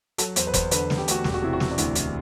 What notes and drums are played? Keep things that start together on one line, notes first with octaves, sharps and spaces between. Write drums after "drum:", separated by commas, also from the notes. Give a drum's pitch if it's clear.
F#3 A4, drum: hi-hat
E2 C5, drum: hi-hat
B4
E2 C5, drum: kick F1, hi-hat
D3 B4, drum: hi-hat
E2, drum: snare
G4
A3 F#4, drum: hi-hat
E1 G4, drum: snare
F#4
C3 E4
F#4
E3, drum: snare
D4
D2 E4, drum: hi-hat
E3, drum: hi-hat